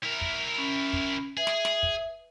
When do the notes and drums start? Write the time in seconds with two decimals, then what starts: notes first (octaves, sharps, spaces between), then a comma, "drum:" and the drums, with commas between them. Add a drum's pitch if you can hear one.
0.03 E4 A#4
0.21 drum: kick
0.55 C#4 B5
0.93 drum: kick
1.37 G#4 B4 E5
1.47 drum: snare
1.65 drum: snare
1.83 drum: kick